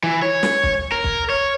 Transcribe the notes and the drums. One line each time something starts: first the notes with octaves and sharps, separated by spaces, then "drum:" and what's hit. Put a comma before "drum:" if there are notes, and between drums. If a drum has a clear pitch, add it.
E3
C#5
drum: snare
drum: kick
A#4
drum: kick
C#5